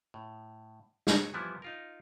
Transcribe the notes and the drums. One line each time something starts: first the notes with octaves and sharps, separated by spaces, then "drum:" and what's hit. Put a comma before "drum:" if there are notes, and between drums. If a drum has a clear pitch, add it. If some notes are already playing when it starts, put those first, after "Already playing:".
A2
F#3 C#5, drum: snare
E3 F3 G3 B3 E4
D#4 F4 A#4